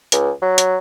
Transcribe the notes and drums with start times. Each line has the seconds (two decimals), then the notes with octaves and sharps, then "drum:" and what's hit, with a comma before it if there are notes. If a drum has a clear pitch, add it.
0.12 C#2, drum: hi-hat
0.42 F#3
0.58 drum: hi-hat